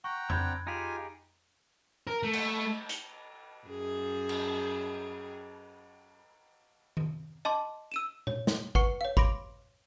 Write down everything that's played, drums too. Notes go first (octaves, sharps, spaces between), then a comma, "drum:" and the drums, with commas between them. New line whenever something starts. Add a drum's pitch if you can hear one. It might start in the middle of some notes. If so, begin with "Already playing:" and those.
F#5 G5 A#5 C#6
C4 D4 B5 F#6 G#6, drum: tom F2
D#4 F4 G4 G#4 G#5
A#4
A3
drum: cymbal
drum: hi-hat
F#2 G#4
drum: cymbal
drum: tom D#3
D#5 A5 C6 D6
E6 D#7 E7
C#5, drum: tom A#2
drum: snare
B4 F#5 C#6 C#7, drum: kick G#1
C#5 F5
B5 C6 D6 A#6 D7, drum: kick G#1